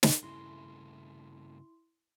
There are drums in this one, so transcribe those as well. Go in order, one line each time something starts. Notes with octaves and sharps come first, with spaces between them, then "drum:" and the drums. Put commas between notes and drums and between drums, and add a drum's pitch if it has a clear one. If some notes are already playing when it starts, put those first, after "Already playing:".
drum: snare
G2 C#3 A3 E4 C6